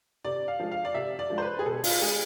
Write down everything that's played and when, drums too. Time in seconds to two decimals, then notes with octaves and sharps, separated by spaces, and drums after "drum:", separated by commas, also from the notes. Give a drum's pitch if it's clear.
0.24 C3 D5
0.48 F5
0.59 F3 G#3
0.72 F5
0.85 D5
0.94 C3 E5
1.19 D5
1.30 F3 G#3
1.38 C5
1.42 B4
1.59 G#4
1.66 B2 A4
1.84 F4, drum: open hi-hat
2.02 G#3 G#4